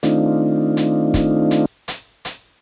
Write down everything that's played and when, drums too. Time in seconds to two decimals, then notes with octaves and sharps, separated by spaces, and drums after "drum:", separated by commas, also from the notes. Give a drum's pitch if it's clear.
0.03 D#3 A3 C4 D4 D#4 F4, drum: hi-hat
0.77 drum: hi-hat
1.14 drum: kick, hi-hat
1.51 drum: hi-hat
1.88 drum: hi-hat
2.25 drum: hi-hat